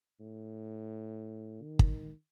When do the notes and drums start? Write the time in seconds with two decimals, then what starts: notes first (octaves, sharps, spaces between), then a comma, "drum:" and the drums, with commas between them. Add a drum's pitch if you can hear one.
0.20 A2
1.62 D#3
1.79 drum: kick